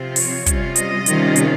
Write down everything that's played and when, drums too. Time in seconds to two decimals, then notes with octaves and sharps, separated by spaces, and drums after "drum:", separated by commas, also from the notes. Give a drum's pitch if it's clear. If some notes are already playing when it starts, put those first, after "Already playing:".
Already playing: C3 F3 C4 F4
0.16 C#5, drum: open hi-hat
0.46 C3 G3 C#4 F4, drum: kick, hi-hat
0.76 D#5, drum: hi-hat
1.06 C3 D#3 G3 C#4 F4, drum: hi-hat
1.36 drum: hi-hat